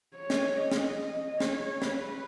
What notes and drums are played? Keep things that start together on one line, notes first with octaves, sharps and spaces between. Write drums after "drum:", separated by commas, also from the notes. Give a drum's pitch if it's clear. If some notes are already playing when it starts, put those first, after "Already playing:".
C#5
drum: snare
D#5
drum: snare
C#5, drum: snare
B4, drum: snare